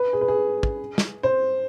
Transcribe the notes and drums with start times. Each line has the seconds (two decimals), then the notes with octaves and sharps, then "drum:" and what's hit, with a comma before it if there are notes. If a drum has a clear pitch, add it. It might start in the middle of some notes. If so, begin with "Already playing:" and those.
Already playing: B4
0.13 G#4
0.21 B4
0.28 G#4
0.63 drum: kick
0.98 drum: snare
1.23 C5